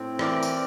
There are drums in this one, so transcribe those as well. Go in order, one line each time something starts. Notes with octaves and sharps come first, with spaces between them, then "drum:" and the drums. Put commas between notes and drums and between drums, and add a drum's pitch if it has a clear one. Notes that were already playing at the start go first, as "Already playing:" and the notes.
Already playing: A2 C4
E3 A#4 D5, drum: rim click
drum: tambourine